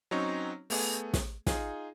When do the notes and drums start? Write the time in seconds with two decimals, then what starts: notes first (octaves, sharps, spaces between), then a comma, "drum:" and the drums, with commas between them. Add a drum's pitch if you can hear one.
0.11 F#3 C4 C#4 D#4 C#5
0.70 A3 B3 G#4, drum: open hi-hat
1.14 drum: snare
1.47 D#4 F4 G#4, drum: snare